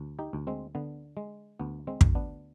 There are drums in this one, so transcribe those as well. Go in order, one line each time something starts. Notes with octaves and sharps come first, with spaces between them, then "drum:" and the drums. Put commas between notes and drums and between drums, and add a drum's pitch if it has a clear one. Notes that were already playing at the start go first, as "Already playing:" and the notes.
Already playing: D2
D#4 G4
D2
G#3 C4
D3 B3
G#3
D2 B3
G#3 C4
D2, drum: kick
B3 D4